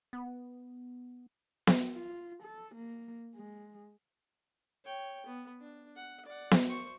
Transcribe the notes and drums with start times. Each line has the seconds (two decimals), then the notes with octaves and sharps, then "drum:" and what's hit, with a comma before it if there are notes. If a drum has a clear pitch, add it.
0.13 B3
1.67 drum: snare B3
1.94 F4
2.43 A4
2.75 A#3
3.35 G#3
4.84 C#5 G5
5.26 B3
5.60 D4
5.96 F#5
6.25 D5 F#5
6.51 drum: snare B3
6.67 C5 C#6